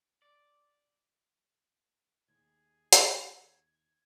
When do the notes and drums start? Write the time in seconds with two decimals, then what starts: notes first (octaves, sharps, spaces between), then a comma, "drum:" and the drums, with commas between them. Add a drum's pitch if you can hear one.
0.22 D5
2.28 D#2 G#4 G#6
2.93 drum: hi-hat